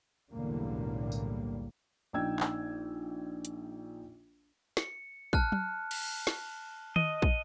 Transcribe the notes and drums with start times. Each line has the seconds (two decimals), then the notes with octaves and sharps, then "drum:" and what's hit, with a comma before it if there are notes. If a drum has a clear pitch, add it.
0.31 B1 E2 A2 D3 G3 A#3
1.12 drum: tambourine
2.13 A#1 D#4 G5 E6 G#6
2.40 drum: clap
3.45 drum: hi-hat
4.77 C#7, drum: snare
5.33 A5 F6 F#6, drum: kick
5.52 drum: tom F#3
5.91 drum: cymbal
6.27 drum: snare
6.96 D#5, drum: tom D#3
7.22 drum: kick